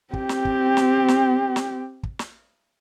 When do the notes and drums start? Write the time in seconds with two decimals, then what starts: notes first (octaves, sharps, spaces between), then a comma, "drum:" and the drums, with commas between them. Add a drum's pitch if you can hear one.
0.13 C4 G4, drum: kick
0.29 drum: snare
0.45 drum: kick
0.77 drum: snare
1.08 drum: snare
1.56 drum: snare
2.03 drum: kick
2.19 drum: snare